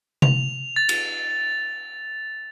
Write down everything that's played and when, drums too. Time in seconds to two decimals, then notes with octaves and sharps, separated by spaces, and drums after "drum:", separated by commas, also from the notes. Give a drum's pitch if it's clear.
0.22 F7, drum: tom C3
0.76 A6
0.89 drum: cymbal